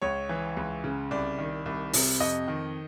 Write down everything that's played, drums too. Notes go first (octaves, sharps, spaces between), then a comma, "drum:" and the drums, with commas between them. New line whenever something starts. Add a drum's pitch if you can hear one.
C#2 C#5
E3
C#2
C#3
C2 D5
D#3
C2
C3, drum: open hi-hat
F2 D#5
D#3